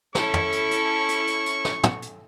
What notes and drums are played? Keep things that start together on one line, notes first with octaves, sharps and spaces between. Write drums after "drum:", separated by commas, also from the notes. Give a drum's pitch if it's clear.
C#4 E4 A4 C#6, drum: snare
drum: tom
drum: hi-hat
drum: hi-hat
drum: hi-hat
drum: hi-hat
drum: hi-hat
drum: snare
drum: tom
drum: hi-hat